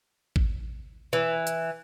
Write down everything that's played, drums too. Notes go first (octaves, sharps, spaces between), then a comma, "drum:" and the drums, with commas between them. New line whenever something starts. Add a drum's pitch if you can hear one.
drum: kick G#1
E3
drum: hi-hat